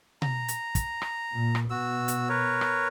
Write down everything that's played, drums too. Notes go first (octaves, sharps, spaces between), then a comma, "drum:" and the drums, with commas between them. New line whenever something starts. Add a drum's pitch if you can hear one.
A#5, drum: tom B2
drum: hi-hat
drum: kick, hi-hat
drum: rim click
A#2
drum: rim click
B2 F#4 E6
drum: hi-hat
A#4 B4 C#5
drum: rim click